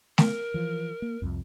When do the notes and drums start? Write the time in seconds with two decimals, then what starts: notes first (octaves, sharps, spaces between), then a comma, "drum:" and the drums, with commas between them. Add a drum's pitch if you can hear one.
0.18 A#4, drum: snare A3
0.54 E3 F3
1.02 A#3
1.22 C2 F2